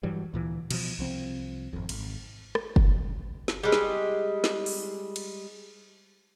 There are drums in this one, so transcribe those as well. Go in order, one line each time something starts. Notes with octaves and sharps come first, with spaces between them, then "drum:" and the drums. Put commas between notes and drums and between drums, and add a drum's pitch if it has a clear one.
G2 E3 F#3 G3
D2 A#2 E3
B2 F3, drum: cymbal
C2 F3 C4
G#1 F2
G#1, drum: cymbal
drum: rim click
drum: kick F#1
drum: snare
G3 G#3
drum: snare
drum: snare
drum: open hi-hat
drum: cymbal